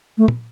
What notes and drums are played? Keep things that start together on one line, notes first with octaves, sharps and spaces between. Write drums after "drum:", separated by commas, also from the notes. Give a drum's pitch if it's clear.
A3
drum: tom